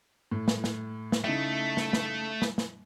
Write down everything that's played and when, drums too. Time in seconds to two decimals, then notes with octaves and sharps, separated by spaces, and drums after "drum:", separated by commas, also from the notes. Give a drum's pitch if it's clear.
0.31 A2
0.48 drum: snare
0.64 drum: snare
1.12 drum: snare
1.24 C#3 A3 D#4 E4
1.77 drum: snare
1.93 drum: snare
2.42 drum: snare
2.58 drum: snare